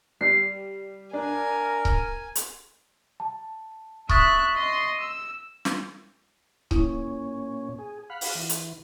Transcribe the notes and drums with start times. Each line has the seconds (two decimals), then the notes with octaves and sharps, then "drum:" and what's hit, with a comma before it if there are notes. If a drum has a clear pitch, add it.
0.21 G3 C7
1.13 D4 A#4 G#5
1.85 drum: kick C#1
2.35 drum: hi-hat
3.20 A5
4.09 E5 C#6 D#6 F#6 A6, drum: kick C#1
4.56 D#5 C6
5.00 E6
5.65 drum: snare
6.71 A#2 C#4 E4, drum: kick C#1
7.78 G#4
8.10 F5 F#5 B5
8.21 drum: open hi-hat
8.35 E3
8.49 drum: hi-hat